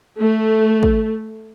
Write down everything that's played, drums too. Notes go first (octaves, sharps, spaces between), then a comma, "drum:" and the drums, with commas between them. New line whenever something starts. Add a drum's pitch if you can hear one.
A3
drum: kick